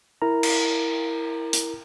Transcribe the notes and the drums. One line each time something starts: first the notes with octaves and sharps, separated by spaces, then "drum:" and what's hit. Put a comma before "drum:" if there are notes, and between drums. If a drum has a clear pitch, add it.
E4 A#4 A#5
drum: cymbal
drum: hi-hat